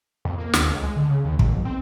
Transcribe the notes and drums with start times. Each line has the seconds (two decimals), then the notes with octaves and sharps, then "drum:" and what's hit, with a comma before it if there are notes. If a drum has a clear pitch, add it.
0.25 F2
0.38 A#3
0.53 D#2, drum: snare
0.69 C#2
0.83 G#3
0.96 D3
1.09 C#3
1.25 D#2
1.39 G#1, drum: kick
1.52 B1
1.65 C4